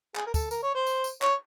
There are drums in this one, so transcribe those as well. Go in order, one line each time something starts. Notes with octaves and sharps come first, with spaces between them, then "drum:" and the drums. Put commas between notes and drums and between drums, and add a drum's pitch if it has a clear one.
G#4, drum: clap
A#4
A4, drum: kick, tambourine
A#4, drum: tambourine
C#5
C5
drum: tambourine
drum: tambourine
C#5, drum: clap